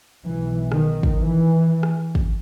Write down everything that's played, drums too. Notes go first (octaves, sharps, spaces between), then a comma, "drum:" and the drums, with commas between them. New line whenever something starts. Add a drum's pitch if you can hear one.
B1 B2 E3
D#3, drum: rim click
drum: kick
E3
drum: rim click
drum: kick